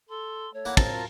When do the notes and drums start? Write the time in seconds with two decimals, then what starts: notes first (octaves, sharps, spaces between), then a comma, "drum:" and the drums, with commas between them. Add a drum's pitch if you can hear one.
0.09 A4 C6
0.54 A3 C#5
0.65 A#3 E4 F#5
0.77 G#3 C4 F4 A#4 A5, drum: kick, cymbal
0.93 F#3